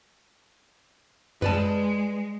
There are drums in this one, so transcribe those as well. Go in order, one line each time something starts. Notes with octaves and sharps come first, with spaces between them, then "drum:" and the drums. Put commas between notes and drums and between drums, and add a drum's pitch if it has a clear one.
G#3 B4 D5 A5, drum: tom F#2